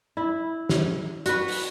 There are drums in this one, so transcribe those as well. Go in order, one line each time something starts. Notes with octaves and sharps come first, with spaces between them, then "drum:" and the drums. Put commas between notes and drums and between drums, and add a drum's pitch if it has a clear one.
E4
drum: snare
F#4 B4, drum: hi-hat
drum: open hi-hat